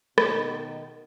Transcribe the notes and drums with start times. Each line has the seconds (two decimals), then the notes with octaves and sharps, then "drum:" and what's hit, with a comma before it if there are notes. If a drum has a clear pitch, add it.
0.18 B2 D#3, drum: rim click